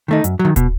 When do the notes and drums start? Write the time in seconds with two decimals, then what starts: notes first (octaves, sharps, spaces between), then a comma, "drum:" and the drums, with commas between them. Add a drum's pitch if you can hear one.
0.08 D#3 A3 D#4
0.24 F#2, drum: hi-hat
0.39 F#3
0.45 D#3
0.56 B2, drum: kick, hi-hat